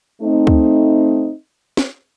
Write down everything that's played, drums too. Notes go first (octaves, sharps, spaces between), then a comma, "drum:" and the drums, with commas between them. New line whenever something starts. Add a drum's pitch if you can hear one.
A3 C4 D#4
drum: kick C#2
drum: snare